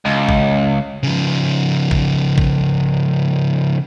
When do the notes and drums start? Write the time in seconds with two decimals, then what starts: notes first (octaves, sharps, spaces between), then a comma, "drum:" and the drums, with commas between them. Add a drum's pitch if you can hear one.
0.05 C#2
0.29 drum: kick
1.03 C#3 F3
1.91 drum: kick
2.38 drum: kick